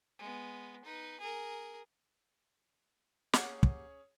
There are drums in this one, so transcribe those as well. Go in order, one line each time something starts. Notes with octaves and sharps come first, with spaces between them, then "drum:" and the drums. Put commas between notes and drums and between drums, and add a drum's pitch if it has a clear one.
G#3 B3
D#4 B4
G#4 A#4
A#3 C#4 G4 G#4 C#5 F#5, drum: snare
drum: kick